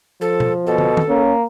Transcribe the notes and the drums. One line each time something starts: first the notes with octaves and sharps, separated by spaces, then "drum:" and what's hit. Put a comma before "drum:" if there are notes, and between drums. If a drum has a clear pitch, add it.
F3 A4
drum: tom B2
B2 A4
drum: tom
drum: tom
A#3 C#4